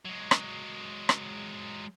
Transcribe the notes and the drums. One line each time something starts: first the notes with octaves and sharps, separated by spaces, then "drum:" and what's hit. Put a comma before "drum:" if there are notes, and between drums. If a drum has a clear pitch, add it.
F#3 G#3
drum: rim click
drum: rim click